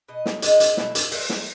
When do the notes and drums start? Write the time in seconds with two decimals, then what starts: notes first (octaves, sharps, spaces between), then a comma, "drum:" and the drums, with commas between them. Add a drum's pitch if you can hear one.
0.09 B2 D#5
0.26 drum: snare
0.42 G#3 D#5, drum: hi-hat
0.60 drum: hi-hat
0.77 B2 E5, drum: snare
0.95 E5, drum: hi-hat
1.11 G#3 E5, drum: open hi-hat
1.29 E5, drum: snare